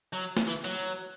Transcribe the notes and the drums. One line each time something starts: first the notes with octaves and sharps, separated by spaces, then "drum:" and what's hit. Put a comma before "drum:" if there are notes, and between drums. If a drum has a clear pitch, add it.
F#3
drum: snare
E3
F#3, drum: hi-hat